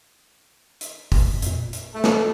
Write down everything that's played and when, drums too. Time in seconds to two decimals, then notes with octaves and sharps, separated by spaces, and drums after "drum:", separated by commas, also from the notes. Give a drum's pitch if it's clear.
0.81 drum: hi-hat
1.12 drum: kick, open hi-hat
1.42 F2 A#2, drum: hi-hat
1.73 drum: hi-hat
1.94 A3 A4
2.04 drum: snare